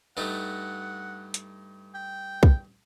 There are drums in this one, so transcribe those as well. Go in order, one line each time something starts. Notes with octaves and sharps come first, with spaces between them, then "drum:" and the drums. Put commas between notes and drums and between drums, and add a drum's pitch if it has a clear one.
G2 A3 D#4 F#5
drum: hi-hat
G5
drum: kick